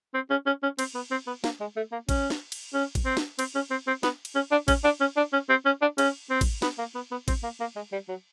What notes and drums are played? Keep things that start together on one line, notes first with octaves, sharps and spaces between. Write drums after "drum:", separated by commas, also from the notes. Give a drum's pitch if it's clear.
C4
C#4
C#4
C#4
C4, drum: cymbal
B3
C4
B3
A#3, drum: snare
G#3
A3
A#3
C#4, drum: kick, cymbal
drum: snare
drum: cymbal
C#4
drum: kick, cymbal
C4
drum: snare
C4, drum: cymbal
C#4
C4
C4
B3, drum: snare
drum: cymbal
C#4
D4
C#4, drum: kick, cymbal
D4
C#4
D4
C#4
C4
C#4
D4
C#4, drum: cymbal
C4
drum: kick, cymbal
B3, drum: snare
A#3
B3
B3
C4, drum: kick, cymbal
A#3
A#3
G#3
G3
F#3